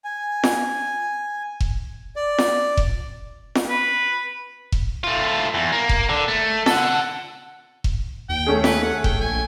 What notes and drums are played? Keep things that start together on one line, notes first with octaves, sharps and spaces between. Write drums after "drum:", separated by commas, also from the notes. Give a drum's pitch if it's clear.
G#5
drum: snare
drum: kick F1
D5
drum: snare
drum: kick F1
drum: snare
B4
drum: kick F1
A3 F4
E2
A#3
drum: kick F1
D3
A3
A4 F#5, drum: snare
drum: kick F1
D#2 G5
A3 C#4 G#4
B4, drum: snare
F#5
G5, drum: kick F1
A#1 G#5